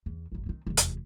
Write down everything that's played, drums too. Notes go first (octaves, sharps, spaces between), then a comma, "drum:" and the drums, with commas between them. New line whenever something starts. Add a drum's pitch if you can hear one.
E2
G#1 F#2
D#3 C4
F1 E2
drum: hi-hat